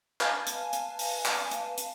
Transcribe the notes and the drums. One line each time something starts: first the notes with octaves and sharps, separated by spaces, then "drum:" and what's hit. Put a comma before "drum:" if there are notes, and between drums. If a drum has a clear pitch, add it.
B4 F5 G#5 A5, drum: clap
drum: hi-hat
drum: hi-hat
drum: open hi-hat
drum: clap
drum: hi-hat
drum: hi-hat